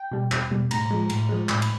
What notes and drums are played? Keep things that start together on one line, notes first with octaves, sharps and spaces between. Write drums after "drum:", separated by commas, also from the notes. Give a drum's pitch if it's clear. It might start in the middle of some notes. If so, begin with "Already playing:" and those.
Already playing: G5
B2 G3
E2, drum: clap
B2 G3
A2 A#5, drum: cymbal
F3 G#3
A2, drum: cymbal
F3 G#3
A2 B5, drum: clap
drum: cymbal